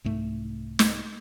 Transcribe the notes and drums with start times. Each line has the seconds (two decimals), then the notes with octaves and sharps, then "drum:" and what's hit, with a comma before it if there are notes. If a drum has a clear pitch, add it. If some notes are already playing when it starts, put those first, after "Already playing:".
0.04 C2 G#2 A3
0.79 drum: snare